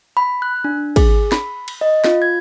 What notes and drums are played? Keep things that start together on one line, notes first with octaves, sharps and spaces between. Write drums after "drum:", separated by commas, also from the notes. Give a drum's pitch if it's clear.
B5
F#6
D4
G#4, drum: kick, cymbal
B5, drum: snare
drum: cymbal
D#5
F4, drum: snare
G#6